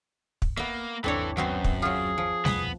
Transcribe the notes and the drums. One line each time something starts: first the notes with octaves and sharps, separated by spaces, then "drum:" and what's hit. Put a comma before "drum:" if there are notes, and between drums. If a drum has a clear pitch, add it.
drum: kick
A#3 B3 E5
G1 D#2 E3 C4 D4 A4 C#5
F#2 F#3 B3 C4 C5
drum: kick
F#3 F4 G#4
F3
D#1 B1 F2 B3, drum: snare G3